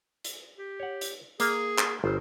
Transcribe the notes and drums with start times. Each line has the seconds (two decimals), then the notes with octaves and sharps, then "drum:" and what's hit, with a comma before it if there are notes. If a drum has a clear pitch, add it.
0.24 drum: hi-hat
0.58 G4
0.80 C#5 F#5
1.01 drum: hi-hat
1.40 A#3 G#4, drum: hi-hat
1.78 drum: clap
2.04 G1 C5